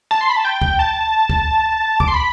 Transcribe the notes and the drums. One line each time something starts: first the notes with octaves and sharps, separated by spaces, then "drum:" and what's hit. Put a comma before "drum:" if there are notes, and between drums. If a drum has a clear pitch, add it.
A5
C6
B5
A5
G5
drum: kick
A5
drum: kick
D6, drum: kick
C6
B5